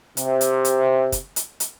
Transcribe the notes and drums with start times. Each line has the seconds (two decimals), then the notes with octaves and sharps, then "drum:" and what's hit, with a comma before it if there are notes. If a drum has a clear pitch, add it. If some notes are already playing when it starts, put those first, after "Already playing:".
0.17 C3, drum: hi-hat
0.41 drum: hi-hat
0.65 drum: hi-hat
1.12 drum: kick, hi-hat
1.36 drum: hi-hat
1.60 drum: hi-hat